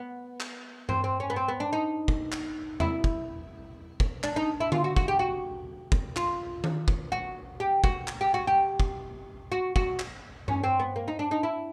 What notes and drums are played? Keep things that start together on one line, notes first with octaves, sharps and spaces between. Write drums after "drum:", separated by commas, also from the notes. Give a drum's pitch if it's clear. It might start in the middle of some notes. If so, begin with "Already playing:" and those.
Already playing: B3
drum: clap
C4, drum: tom G2
C4
C#4
B3
C4
B3
D4
D#4
drum: kick
drum: clap
E4, drum: tom E2
drum: kick
drum: kick
D4, drum: clap
D#4
E4
F4, drum: tom D3
F#4
F#4, drum: kick
G4
F#4
drum: kick
F4, drum: clap
drum: tom D#3
drum: kick
F#4
G4
F#4, drum: kick
drum: clap
G4
F#4
G4
drum: kick
F#4
F#4, drum: kick
drum: clap
C#4, drum: tom G2
C4
B3
A#3
D#4
D4
D#4
E4